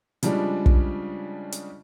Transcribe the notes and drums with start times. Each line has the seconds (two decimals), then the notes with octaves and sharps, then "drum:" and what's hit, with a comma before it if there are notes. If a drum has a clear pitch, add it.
0.23 C#3 F3 G3 G#3 D4, drum: hi-hat
0.66 drum: kick
1.52 drum: hi-hat